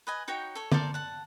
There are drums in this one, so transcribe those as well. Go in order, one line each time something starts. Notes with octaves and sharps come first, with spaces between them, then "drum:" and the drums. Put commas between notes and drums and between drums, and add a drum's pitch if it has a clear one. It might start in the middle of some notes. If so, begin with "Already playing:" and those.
B4 D#5 G#5
D#4 F#4 C#5 G5
A4 C#5
A4 A#4 C5 D5, drum: tom D3
F#5 A5